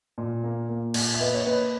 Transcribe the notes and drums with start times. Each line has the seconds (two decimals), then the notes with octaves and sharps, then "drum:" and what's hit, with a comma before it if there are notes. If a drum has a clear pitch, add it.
0.18 A#2
0.44 A#3
0.69 A#3
0.94 A#2, drum: cymbal
1.14 E5
1.20 A#3 B4 D#5
1.34 C#5
1.46 A#3 B4 D#5